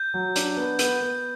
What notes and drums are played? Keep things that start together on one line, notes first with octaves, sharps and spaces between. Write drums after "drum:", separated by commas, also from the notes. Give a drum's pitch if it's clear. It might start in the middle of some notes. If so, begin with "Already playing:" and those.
Already playing: G6
F#3
D4, drum: hi-hat
B3
B3, drum: hi-hat
B3